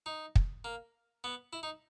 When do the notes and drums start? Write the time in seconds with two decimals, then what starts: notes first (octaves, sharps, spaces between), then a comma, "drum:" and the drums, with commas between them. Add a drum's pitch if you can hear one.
0.06 D#4
0.36 drum: kick
0.64 A#3
1.24 B3
1.53 E4
1.63 D#4